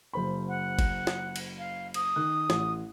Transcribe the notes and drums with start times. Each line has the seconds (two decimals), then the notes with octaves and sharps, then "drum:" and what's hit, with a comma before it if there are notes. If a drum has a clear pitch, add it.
0.13 F#1 C5 B5
0.48 F#5
0.79 drum: kick G1, cymbal
1.07 drum: snare
1.36 drum: cymbal
1.58 F5
1.94 D#6, drum: cymbal
2.16 D#3 F#6
2.50 A1, drum: snare